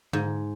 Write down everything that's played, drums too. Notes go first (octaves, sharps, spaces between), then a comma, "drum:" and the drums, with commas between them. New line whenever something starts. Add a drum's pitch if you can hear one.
G#2, drum: tom D3